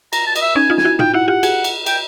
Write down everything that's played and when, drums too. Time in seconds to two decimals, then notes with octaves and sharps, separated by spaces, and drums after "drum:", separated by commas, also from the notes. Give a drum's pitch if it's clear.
0.13 A#5, drum: cymbal
0.26 A5
0.36 D#5, drum: cymbal
0.41 E5
0.55 C#4 D#4 G#5
0.70 D#4 F4
0.77 G#5, drum: snare
0.85 E4 F#4
0.99 D#4 F4 G5, drum: tom
1.14 E4 F#4 F#5
1.28 F4 G4 F#5
1.43 F#4 G#4, drum: cymbal
1.64 drum: cymbal
1.86 G5, drum: cymbal